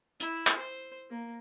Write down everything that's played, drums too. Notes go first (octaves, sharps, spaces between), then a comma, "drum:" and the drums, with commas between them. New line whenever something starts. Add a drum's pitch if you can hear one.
E4, drum: hi-hat
drum: clap
C5
A#3